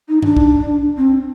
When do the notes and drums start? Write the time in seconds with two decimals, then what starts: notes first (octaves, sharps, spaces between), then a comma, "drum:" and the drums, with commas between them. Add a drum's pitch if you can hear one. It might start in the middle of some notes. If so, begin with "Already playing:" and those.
0.08 D#4
0.22 D4, drum: tom G2
0.37 drum: kick C2
0.97 C4